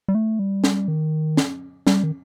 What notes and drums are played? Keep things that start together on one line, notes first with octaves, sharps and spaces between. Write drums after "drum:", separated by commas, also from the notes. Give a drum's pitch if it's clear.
G3
A3
G3
drum: snare
D#3
drum: snare
G3, drum: snare
D#3